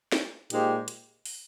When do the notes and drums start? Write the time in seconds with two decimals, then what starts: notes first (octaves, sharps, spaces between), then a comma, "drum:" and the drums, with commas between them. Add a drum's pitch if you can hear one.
0.12 drum: snare
0.50 A#2 G#3 D#4 G4 C5, drum: hi-hat
0.88 drum: hi-hat
1.26 drum: open hi-hat